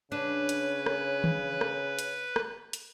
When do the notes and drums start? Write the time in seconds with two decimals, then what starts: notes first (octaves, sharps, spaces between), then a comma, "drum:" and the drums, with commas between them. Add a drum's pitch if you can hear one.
0.12 C#3 D4 B4 C#5
0.49 drum: hi-hat
0.86 drum: rim click
1.24 drum: tom
1.61 drum: rim click
1.99 drum: hi-hat
2.36 drum: rim click
2.73 drum: hi-hat